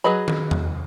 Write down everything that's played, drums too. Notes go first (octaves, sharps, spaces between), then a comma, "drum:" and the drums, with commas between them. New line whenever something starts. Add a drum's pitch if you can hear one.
F#3 G#4 B4 D#5 B5
drum: tom D#3
drum: tom E2